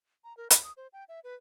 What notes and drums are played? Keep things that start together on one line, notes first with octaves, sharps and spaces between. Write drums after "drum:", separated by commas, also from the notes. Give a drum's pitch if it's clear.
A#5
A#4
B5, drum: hi-hat
D#6
C5
G5
E5
B4